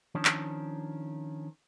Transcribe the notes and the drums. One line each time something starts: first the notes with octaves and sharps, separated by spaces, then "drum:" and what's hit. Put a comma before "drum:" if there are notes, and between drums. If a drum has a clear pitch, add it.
D#3 F3 C#4 D4
drum: clap